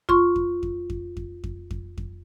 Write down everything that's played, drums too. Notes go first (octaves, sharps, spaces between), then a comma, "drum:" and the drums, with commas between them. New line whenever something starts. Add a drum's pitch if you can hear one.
F4 C6 C#6, drum: kick F2
drum: kick F2
drum: kick F2
drum: kick F2
drum: kick F2
drum: kick F2
drum: kick F2
drum: kick F2